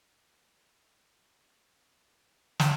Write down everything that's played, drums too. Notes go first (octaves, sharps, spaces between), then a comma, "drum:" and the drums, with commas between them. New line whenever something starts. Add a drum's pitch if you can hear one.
G4 C5
drum: snare